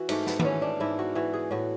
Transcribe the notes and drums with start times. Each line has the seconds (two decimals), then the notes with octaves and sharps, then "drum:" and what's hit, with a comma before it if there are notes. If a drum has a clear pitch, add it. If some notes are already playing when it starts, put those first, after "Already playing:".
Already playing: E3 F#4
0.09 G#2 A3, drum: cymbal
0.27 B3, drum: snare
0.39 B3, drum: tom D#3
0.45 E3 C#4
0.62 D4
0.80 G#2 E4
0.99 F#4
1.15 E3 F#4
1.33 G#4
1.51 A2 F#4